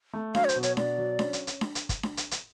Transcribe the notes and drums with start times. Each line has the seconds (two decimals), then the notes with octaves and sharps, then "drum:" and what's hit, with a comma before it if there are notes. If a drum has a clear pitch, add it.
0.13 A3
0.35 F#3 F5, drum: snare D4
0.45 C#5
0.49 C5, drum: hi-hat
0.56 B2
0.63 C#5, drum: hi-hat
0.77 B2 D5, drum: snare D4
0.98 F#3
1.19 C#4, drum: snare D4
1.33 drum: hi-hat
1.47 drum: hi-hat
1.61 drum: snare D4
1.75 drum: hi-hat
1.89 drum: kick, hi-hat
2.03 drum: snare D4
2.17 drum: hi-hat
2.31 drum: hi-hat